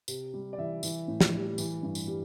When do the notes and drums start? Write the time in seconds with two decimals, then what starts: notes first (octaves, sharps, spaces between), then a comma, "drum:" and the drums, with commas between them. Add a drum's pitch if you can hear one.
0.08 C3, drum: tambourine
0.34 G3
0.53 D5
0.58 E3 E5
0.83 E3, drum: tambourine
1.08 A2
1.21 drum: snare
1.33 G3
1.58 E3, drum: tambourine
1.83 G2
1.95 drum: tambourine
2.07 G3